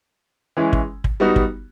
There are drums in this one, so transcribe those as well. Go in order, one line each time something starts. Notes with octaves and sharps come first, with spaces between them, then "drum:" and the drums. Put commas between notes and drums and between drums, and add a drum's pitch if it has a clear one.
E3 G#3 C#4 E4
drum: kick
drum: kick
G3 B3 D#4 F#4
drum: kick